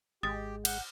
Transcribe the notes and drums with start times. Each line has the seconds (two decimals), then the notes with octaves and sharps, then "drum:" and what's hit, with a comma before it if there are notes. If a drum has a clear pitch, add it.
0.23 G#1 G#3 G4 D#6 A6
0.65 F#5 G6, drum: cymbal